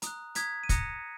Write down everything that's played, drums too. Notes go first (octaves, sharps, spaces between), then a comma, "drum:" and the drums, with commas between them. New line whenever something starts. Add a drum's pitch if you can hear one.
A#5 D#6 F#6, drum: hi-hat
A#5 D#6 F#6 G#6 B6, drum: hi-hat
D#7
A#5 D#6 F#6 A#6 C#7, drum: kick, hi-hat